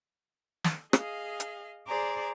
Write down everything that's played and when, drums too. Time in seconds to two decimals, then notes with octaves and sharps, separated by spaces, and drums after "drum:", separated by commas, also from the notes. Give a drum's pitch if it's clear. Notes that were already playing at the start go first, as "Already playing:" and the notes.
0.64 drum: snare
0.93 G#4 D#5 F5, drum: rim click
1.40 drum: hi-hat
1.86 G#4 C5 D5 A#5 D6